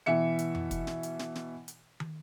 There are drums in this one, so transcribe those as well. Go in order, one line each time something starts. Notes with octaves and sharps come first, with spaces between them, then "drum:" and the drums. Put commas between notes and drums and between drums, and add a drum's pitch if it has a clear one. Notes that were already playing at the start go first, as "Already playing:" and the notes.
B2 E3 E5 C#7
drum: hi-hat
drum: tom F2
drum: kick, hi-hat
drum: snare
drum: hi-hat
drum: snare
drum: snare
drum: hi-hat
drum: tom